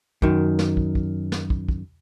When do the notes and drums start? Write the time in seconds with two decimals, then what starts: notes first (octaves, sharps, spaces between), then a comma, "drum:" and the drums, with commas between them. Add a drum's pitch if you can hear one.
0.22 F#2 D#3, drum: kick
0.59 drum: snare
0.77 drum: kick
0.95 drum: kick
1.32 drum: snare
1.50 drum: kick
1.69 drum: kick